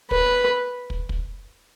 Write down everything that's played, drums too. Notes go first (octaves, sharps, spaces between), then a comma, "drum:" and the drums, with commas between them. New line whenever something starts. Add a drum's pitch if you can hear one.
B4, drum: kick
drum: kick
drum: kick